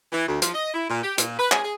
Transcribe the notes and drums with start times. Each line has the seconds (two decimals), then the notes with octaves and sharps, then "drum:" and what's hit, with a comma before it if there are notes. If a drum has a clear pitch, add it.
0.13 E3
0.28 D2
0.42 F3, drum: hi-hat
0.55 D#5
0.74 E4
0.90 A#2
1.04 G4
1.18 A#2, drum: hi-hat
1.39 B4
1.52 G#4, drum: clap
1.64 G#4